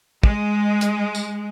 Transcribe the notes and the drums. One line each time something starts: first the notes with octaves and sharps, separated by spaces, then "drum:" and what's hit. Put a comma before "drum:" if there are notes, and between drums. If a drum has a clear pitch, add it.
G#3, drum: kick
drum: hi-hat
drum: tambourine